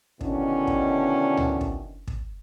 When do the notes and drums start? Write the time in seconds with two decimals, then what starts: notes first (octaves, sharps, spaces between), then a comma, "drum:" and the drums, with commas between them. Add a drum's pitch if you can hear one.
0.21 B2 D3 D#3 C#4 D4 E4, drum: kick
0.67 drum: kick
1.37 drum: tom C#2
1.61 drum: kick
2.07 drum: kick